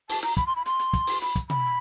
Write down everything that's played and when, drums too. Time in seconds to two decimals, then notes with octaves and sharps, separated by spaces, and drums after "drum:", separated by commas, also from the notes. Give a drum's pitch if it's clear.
0.10 A5, drum: open hi-hat
0.23 A#5, drum: snare
0.37 B5, drum: kick, hi-hat
0.47 C6
0.56 B5
0.66 C6, drum: hi-hat
0.79 drum: hi-hat
0.93 drum: kick, hi-hat
1.07 drum: open hi-hat
1.21 B5, drum: hi-hat
1.36 drum: kick, hi-hat
1.50 B5, drum: tom B2